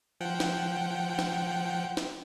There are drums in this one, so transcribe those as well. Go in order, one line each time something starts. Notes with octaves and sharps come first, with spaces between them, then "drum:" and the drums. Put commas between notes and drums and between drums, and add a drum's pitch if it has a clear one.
F3 F#5 G5
drum: snare
drum: snare
drum: snare